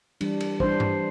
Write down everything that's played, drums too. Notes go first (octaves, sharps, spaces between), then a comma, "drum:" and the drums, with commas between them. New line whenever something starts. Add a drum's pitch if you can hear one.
E3 G3 D4, drum: cymbal
drum: cymbal
E3 G3 D4 C5, drum: kick
drum: tom G2